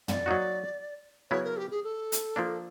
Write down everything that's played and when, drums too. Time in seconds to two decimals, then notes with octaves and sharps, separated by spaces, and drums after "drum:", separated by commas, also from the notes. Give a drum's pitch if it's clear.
0.08 D5, drum: tom
0.26 F#3 A#3 D#4 F#4
1.31 C#3 F#3 B3 E4 C#5
1.44 A#4
1.57 G4
1.71 G#4
1.84 A4
2.12 drum: hi-hat
2.36 F3 A#3 D4